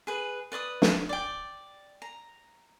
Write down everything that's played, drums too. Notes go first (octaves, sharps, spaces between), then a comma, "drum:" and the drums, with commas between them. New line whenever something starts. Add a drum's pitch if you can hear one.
G#4 B4
B4 D5 C#6 D#6
drum: snare
D5 G5
A#5